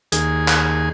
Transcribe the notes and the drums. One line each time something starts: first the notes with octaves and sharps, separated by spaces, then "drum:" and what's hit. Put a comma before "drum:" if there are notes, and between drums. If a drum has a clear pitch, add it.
D#2 G#4, drum: hi-hat
drum: clap